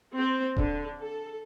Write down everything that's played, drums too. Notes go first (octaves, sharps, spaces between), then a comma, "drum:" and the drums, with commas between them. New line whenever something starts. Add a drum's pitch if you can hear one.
C4
D3, drum: kick D#1
A4